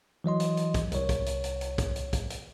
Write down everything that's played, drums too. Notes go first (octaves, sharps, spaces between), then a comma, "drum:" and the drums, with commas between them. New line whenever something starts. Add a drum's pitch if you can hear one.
E3 F#3 D#5 C6
drum: hi-hat
drum: hi-hat
drum: kick, hi-hat
C2 C#5, drum: hi-hat
drum: kick, hi-hat
drum: hi-hat
drum: hi-hat
drum: hi-hat
drum: kick, hi-hat
drum: hi-hat
drum: kick, hi-hat
drum: hi-hat